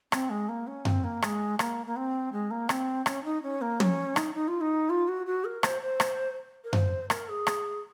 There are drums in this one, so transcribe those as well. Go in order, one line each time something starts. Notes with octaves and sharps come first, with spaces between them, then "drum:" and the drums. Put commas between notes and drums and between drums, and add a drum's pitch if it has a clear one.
C4, drum: rim click
G#3
A#3
C#4
C4, drum: tom F#2
A#3
G#3, drum: rim click
A#3, drum: rim click
A#3
C4
G#3
A#3
C4, drum: rim click
C#4, drum: rim click
D#4
C#4
A#3
C#4, drum: tom
D#4, drum: rim click
D#4
F4
D#4
F4
F#4
F#4
A#4
C5, drum: rim click
C5
drum: rim click
A#4
C5, drum: tom F#2
A#4, drum: rim click
G#4
drum: rim click